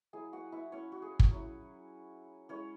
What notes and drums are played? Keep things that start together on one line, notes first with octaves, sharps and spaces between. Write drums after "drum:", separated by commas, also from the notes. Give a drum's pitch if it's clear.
F#3 E4 G#4 G#5
F#4 F#5
E4 E5
C#4 C#5
F#4
G#4
drum: kick
F#3 C#4 E4
G#3 C#4 E4 C#5